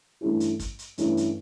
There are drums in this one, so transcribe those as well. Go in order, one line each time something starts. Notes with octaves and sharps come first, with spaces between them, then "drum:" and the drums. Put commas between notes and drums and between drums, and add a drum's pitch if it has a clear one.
G2 E3 A3 C#4 E4
drum: hi-hat
drum: kick, hi-hat
drum: hi-hat
G2 E3 A3 C#4 E4, drum: hi-hat
drum: hi-hat